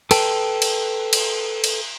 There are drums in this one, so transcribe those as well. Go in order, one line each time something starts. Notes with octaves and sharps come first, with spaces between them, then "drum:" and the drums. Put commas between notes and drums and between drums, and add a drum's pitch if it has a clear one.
A4 B4 G5 A5, drum: cymbal
drum: cymbal
drum: cymbal
drum: cymbal